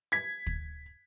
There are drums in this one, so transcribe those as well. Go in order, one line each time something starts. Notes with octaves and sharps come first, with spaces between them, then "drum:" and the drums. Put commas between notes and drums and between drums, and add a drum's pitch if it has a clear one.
G#6 B6
drum: kick